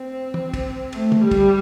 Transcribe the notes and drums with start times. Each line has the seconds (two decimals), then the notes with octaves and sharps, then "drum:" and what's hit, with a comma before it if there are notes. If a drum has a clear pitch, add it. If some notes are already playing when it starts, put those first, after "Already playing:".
Already playing: C4
0.34 drum: tom E3
0.54 drum: kick, cymbal
0.92 A3, drum: cymbal
1.12 drum: tom
1.22 G3
1.31 drum: kick, cymbal